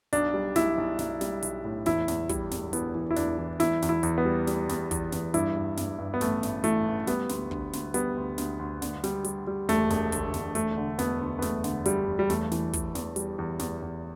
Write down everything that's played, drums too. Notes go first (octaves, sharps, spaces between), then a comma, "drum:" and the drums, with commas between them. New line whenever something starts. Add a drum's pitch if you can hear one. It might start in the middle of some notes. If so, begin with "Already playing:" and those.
B1 D4, drum: hi-hat
G3
B1 E4, drum: snare
B1
B1, drum: snare
G3, drum: snare
B1, drum: hi-hat
A2
E2 E4, drum: snare
E2, drum: snare
G3 E4, drum: kick, hi-hat
E1, drum: snare
E3 B3, drum: hi-hat
E3
E4
E2 D4, drum: snare
E3
E2 E4, drum: snare
E2, drum: snare
E4
E2, drum: hi-hat
B3
G3
G3, drum: snare
E2, drum: snare
E2, drum: kick, hi-hat
E2, drum: snare
G2 E4, drum: hi-hat
G2
G2, drum: snare
G2
B3
A1 A3, drum: snare
A1, drum: snare
E3 A3, drum: hi-hat
A1
G3 B3, drum: snare
D2, drum: snare
D2, drum: kick
D2, drum: snare
G3 B3, drum: hi-hat
D2
D2, drum: snare
D2
D3, drum: snare
G3, drum: snare
G3, drum: hi-hat
G3
E1 A3, drum: snare
E1, drum: snare
D2, drum: kick, hi-hat
E1, drum: snare
E1 A3, drum: hi-hat
D3
E1 B3, drum: snare
D2
B3
E1 A3, drum: snare
D3, drum: snare
E1 G3, drum: hi-hat
E1
G3
E2 A3, drum: snare
E3, drum: snare
E3, drum: kick, hi-hat
E2, drum: snare
G3, drum: hi-hat
E2
E2, drum: snare
E2